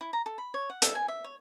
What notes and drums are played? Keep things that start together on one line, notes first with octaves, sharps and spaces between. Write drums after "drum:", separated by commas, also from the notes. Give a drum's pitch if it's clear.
E4
A#5
A4
B5
C#5
F#5
A4, drum: hi-hat
G#5
E5
C#5